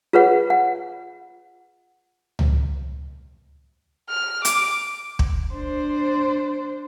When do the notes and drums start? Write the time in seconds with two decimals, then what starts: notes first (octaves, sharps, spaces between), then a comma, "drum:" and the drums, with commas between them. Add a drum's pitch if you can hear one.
0.13 F4 G#4 B4 C#5 F#5
0.50 F#5
2.39 drum: tom C#2
4.09 F6
4.45 D6, drum: hi-hat
5.19 drum: kick
5.52 D4 C5